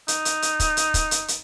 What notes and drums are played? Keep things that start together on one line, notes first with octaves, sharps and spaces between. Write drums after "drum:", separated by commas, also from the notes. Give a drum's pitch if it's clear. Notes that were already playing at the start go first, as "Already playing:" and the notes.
D#4, drum: hi-hat
drum: hi-hat
drum: hi-hat
drum: kick, hi-hat
drum: hi-hat
drum: kick, hi-hat
drum: hi-hat
drum: hi-hat